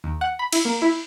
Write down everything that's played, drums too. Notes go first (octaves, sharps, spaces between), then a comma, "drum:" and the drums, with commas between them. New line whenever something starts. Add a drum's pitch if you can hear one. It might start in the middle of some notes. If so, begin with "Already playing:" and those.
D#2
F#5
B5
E4, drum: cymbal
A#3
E4